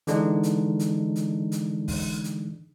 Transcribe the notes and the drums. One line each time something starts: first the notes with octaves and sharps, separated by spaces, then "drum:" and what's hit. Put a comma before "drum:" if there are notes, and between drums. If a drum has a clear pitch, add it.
D3 E3 G#3 D4 D#4, drum: hi-hat
drum: hi-hat
drum: hi-hat
drum: hi-hat
drum: hi-hat
drum: kick, open hi-hat
drum: hi-hat